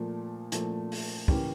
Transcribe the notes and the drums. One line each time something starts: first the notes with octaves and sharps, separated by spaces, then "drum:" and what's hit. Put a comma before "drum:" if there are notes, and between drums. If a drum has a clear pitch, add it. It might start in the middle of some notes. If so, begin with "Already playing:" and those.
Already playing: A#2 F3 A3
A#2 F3 A3, drum: hi-hat
drum: open hi-hat
E3 A#3 C#4 G4, drum: kick